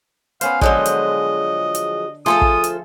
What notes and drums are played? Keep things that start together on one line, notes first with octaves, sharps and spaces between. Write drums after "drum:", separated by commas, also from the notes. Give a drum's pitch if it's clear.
B3 C#4 C5 F5, drum: hi-hat
D3 F3 F#3 G#3 D#5, drum: kick
drum: hi-hat
drum: hi-hat
F3 A3 F4 G#4 A4 C5 D#6
drum: kick
drum: hi-hat